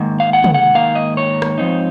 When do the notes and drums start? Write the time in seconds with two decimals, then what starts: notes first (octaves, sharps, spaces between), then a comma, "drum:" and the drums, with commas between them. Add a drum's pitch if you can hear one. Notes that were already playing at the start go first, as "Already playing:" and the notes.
Already playing: G#2 D#3 A#3
0.20 F5
0.33 F#5
0.44 drum: tom
0.54 F#5
0.75 G#2 D#3 A#3 F5
0.95 D#5
1.17 C#5
1.42 drum: rim click
1.58 G#2 F3 C4 D#4